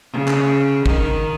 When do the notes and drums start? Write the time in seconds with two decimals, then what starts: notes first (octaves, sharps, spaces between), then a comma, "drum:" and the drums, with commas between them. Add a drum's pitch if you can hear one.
0.13 C#3
0.28 drum: clap
0.86 D#3, drum: kick